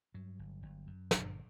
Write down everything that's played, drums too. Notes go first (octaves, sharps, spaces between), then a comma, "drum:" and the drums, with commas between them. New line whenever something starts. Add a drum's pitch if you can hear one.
G2 F#3
G1
G1
F#2
G1, drum: snare